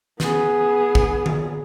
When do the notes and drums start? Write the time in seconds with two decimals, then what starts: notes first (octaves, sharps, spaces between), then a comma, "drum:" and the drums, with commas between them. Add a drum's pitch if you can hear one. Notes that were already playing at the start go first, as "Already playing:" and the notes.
0.20 B3 G#4, drum: snare
0.95 drum: kick G#1
1.26 drum: tom D3